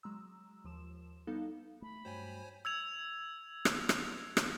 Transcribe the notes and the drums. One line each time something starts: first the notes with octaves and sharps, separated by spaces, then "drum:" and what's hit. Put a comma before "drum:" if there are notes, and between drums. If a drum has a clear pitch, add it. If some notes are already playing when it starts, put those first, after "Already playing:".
F#3 G#3 A#5 E6
D#2 F3 E7
G3 B3 D#4 A4 F5
A3 B5
G2 F#3 G4 C5 C#5 G#5
E6 G#6 F7
drum: rim click
drum: rim click
drum: rim click